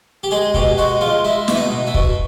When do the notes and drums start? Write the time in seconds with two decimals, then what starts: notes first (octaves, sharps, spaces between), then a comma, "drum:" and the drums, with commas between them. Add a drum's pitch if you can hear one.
0.23 G4
0.31 G#3 G#4
0.54 B2 G4, drum: kick
0.78 G#3 F#4
1.01 G#3 F4
1.24 G#3 E4
1.48 B2 E4, drum: snare
1.56 D#4
1.71 B2
1.87 E4
1.94 B2, drum: kick